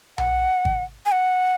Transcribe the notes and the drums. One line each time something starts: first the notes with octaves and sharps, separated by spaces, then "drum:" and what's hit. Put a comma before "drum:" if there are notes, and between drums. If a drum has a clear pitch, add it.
F#5, drum: tom B1
drum: kick G#1
G#5
F#5